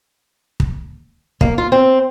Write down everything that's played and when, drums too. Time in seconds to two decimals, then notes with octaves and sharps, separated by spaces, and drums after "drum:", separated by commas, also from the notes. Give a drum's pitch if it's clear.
0.60 drum: kick
1.41 A#3, drum: kick
1.58 F4
1.72 C4